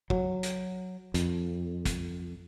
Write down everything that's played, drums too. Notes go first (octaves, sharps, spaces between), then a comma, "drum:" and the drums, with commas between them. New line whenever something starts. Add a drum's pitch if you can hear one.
F#3, drum: kick
drum: hi-hat
F2, drum: hi-hat
drum: kick, hi-hat